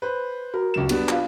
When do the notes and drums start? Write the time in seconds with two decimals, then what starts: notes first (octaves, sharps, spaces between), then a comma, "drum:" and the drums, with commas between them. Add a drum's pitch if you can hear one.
0.02 B4 C5
0.54 F#4 A#4
0.74 C#2 F#2 E7
0.89 G3 B3 D4, drum: cymbal
1.09 F4 F5, drum: clap